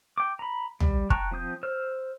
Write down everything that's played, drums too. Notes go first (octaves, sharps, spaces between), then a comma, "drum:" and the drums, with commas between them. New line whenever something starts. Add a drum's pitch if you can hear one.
G5 D6
A#5 B5
G3, drum: tom
G5 A5 A#5 C#6 F#6, drum: kick
F3 C4 D#6 G6
C5 E6 F6